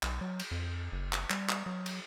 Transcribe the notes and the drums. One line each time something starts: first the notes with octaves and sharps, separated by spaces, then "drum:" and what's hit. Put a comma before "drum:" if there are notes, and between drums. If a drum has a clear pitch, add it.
B1, drum: clap
F#3
drum: cymbal
F2
F#1
drum: clap
G3, drum: clap
drum: clap
F#3
drum: cymbal